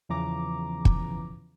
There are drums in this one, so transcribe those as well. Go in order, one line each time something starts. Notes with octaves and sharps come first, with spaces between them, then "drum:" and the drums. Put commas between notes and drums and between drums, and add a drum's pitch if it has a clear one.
E2 C#3 E3 F3 A#5 D6
drum: kick